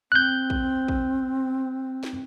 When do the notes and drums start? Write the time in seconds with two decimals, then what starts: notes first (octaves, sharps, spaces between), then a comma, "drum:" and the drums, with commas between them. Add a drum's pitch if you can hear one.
0.12 C4 F#6 G6
0.50 drum: kick
0.88 drum: kick
2.03 drum: snare